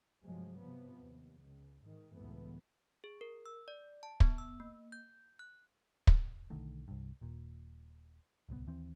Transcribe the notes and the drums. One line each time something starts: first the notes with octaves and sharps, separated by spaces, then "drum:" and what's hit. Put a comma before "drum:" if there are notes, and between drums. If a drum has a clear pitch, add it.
G2 C3 F3 F#3 G#3
C3 F3 B3
D#2
C#2
G#2 D#3
C#2 F#2 A2 E3 A3 B3
G#4
A#4
E6
D5
A5
B3, drum: kick
E6
A#3
G6
F#6
drum: kick
B1 D3 D#3 A3
C2 G2
D#1 A#2
D1 C2 A#2 B3
D#2 E3 C4